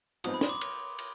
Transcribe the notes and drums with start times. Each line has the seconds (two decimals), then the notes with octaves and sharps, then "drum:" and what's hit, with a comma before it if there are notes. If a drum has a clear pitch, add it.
0.24 G#2 F3 C4 D#4 B4 D#6, drum: cymbal
0.34 B5
0.41 C6, drum: snare
0.49 D6
0.61 drum: cymbal
0.98 drum: cymbal